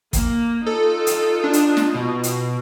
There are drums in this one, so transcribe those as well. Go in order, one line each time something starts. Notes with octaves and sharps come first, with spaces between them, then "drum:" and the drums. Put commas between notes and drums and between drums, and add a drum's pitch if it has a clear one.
A#3, drum: kick, hi-hat
D#4 F4 A4
drum: hi-hat
D4
drum: hi-hat
drum: snare
B2
drum: hi-hat